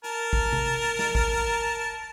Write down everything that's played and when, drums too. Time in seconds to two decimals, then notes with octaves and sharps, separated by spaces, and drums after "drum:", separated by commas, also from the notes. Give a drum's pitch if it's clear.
0.04 A#4 A5, drum: hi-hat
0.33 drum: kick
0.53 drum: tom C3
0.99 drum: snare
1.15 drum: kick